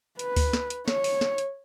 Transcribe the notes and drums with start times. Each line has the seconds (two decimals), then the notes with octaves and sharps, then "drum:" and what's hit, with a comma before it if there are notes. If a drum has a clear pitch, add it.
0.19 B4, drum: hi-hat
0.36 drum: kick D2, open hi-hat
0.53 drum: snare
0.70 drum: hi-hat
0.88 C#5, drum: snare
1.04 drum: open hi-hat
1.21 drum: snare
1.38 drum: hi-hat